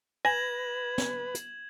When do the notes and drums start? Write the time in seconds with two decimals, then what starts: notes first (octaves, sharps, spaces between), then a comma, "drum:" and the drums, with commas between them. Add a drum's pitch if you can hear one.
0.25 B4 G#5 G#6 A#6 E7 F#7
0.98 drum: snare
1.35 drum: hi-hat